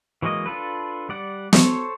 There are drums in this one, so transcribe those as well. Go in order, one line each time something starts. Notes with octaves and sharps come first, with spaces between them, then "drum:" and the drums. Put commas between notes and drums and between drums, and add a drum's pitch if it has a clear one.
E3 F#3 G#3 A#3 D#5
D4 F4 A4 B4
G3 D5 F#5
A4 C5 C#5, drum: snare